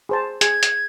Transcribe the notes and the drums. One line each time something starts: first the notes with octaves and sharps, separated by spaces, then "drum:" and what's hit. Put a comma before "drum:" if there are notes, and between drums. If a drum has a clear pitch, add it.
G#4 C5 A5
G#4 G#6, drum: hi-hat
drum: hi-hat